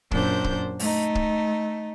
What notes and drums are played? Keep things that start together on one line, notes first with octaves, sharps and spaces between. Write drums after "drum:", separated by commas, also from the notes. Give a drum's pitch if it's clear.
F#2 A#2 D4 C5 G6, drum: kick
drum: kick
A3 D#4, drum: open hi-hat
drum: kick